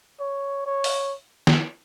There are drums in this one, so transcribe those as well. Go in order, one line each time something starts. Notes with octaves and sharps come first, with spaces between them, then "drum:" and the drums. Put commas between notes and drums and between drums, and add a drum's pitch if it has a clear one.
C#5
C#5
drum: open hi-hat
drum: snare